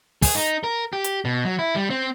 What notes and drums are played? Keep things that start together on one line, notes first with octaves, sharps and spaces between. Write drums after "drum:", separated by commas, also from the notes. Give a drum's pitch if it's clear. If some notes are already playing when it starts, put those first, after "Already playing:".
G#4, drum: kick, open hi-hat
D#4
A#4
G4
drum: hi-hat
B2
F#3
E4
G3
C4